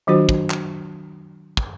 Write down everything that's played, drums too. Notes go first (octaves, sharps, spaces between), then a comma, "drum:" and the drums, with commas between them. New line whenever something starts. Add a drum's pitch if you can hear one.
D#3 F#3 D4 F4 F#4 C5
drum: kick
drum: clap
drum: kick